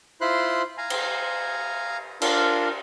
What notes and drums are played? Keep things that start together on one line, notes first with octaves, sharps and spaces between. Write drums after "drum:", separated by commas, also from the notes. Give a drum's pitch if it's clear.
E4 F4 C5 B5 C6 F#6
F5 G#5 A#5
drum: cymbal
D4 F4 A#4, drum: cymbal